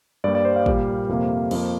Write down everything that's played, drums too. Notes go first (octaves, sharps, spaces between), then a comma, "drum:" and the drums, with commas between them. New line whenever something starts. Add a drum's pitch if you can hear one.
G2 G3 A#3 D5
D5
C5
F5
A#2 G3 A#3, drum: kick
F2 C3 A#3
F2 F3 A#3, drum: cymbal